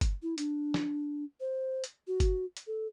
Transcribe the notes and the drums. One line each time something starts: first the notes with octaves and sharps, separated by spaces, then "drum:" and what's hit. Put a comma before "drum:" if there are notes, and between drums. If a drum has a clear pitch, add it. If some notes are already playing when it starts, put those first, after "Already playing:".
drum: kick G1, hi-hat
E4
D4, drum: hi-hat
drum: snare
C5
drum: hi-hat
F#4
drum: kick G1, hi-hat
drum: hi-hat
A4